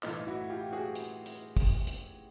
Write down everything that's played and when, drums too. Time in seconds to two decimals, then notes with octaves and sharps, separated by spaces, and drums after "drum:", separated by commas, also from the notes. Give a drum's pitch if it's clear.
0.03 A2 E3 D#4 F4, drum: clap
0.27 E4 F#4
0.50 F4 G4
0.72 F#4 G#4
0.95 drum: hi-hat
1.26 drum: hi-hat
1.57 drum: kick, open hi-hat
1.87 drum: hi-hat